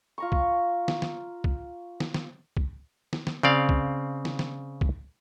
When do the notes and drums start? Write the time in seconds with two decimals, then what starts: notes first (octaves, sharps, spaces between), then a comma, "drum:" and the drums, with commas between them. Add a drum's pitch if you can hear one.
0.18 F4 A#5 C#6
0.32 drum: kick C2
0.88 drum: snare
1.02 drum: snare
1.44 drum: kick C2
2.00 drum: snare
2.14 drum: snare
2.57 drum: kick C2
3.13 drum: snare
3.27 drum: snare
3.43 C#3 C4 D5 F5
3.69 drum: kick C2
4.25 drum: snare
4.39 drum: snare
4.81 drum: kick C2